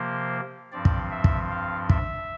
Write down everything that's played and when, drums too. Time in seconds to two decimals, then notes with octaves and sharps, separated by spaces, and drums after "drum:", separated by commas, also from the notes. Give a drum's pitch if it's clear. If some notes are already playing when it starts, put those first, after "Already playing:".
Already playing: C3 F3 A#3 C5
0.72 G2 F3 C4 D5
0.85 drum: kick
1.11 E5
1.24 drum: kick
1.50 F5
1.89 E5, drum: kick